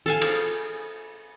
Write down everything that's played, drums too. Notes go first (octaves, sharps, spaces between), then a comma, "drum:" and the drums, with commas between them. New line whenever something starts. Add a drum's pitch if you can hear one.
A4 F5 G#5
drum: cymbal